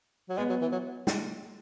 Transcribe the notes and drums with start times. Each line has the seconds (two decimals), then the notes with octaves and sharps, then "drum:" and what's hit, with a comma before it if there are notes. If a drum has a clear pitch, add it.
0.29 F#3
0.38 G#3 B3
0.49 F#3
0.61 E3
0.72 F#3
1.07 drum: snare